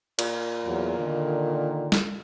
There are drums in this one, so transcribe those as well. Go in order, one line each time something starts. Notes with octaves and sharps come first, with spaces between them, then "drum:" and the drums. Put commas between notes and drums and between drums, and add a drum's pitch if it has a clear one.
A#2, drum: cymbal
E2 F#3
D3 D#3
drum: snare